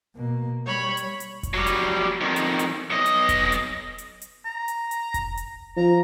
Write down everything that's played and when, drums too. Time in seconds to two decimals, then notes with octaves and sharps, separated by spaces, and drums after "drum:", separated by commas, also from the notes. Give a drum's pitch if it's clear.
0.15 B2 A#3
0.66 G3 C#5 B5
0.97 drum: hi-hat
1.20 drum: hi-hat
1.43 drum: kick F1, hi-hat
1.54 F#3 G3
1.67 drum: hi-hat
2.21 F2 D#3
2.36 drum: hi-hat
2.59 drum: hi-hat
2.90 B1 D#5
3.06 drum: hi-hat
3.29 drum: kick F1, hi-hat
3.52 drum: hi-hat
3.98 drum: hi-hat
4.22 drum: hi-hat
4.45 A#5
4.68 drum: hi-hat
4.91 drum: hi-hat
5.14 drum: kick F1, hi-hat
5.37 drum: hi-hat
5.77 F3 A#5